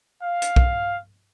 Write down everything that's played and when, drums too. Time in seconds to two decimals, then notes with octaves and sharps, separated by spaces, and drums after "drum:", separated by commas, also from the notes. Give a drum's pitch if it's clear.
0.23 F5
0.42 drum: hi-hat
0.56 drum: kick